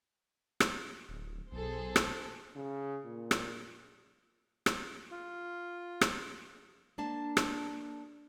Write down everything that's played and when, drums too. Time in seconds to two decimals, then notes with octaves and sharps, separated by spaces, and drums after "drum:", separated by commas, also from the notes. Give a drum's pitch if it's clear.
0.60 drum: rim click
1.09 D1
1.52 B1 G#4 A4 C5
1.96 drum: rim click
2.56 C#3
3.05 A#2
3.31 drum: rim click
4.66 drum: rim click
5.11 F4
6.01 drum: rim click
6.98 A#3 D4 A5
7.37 drum: rim click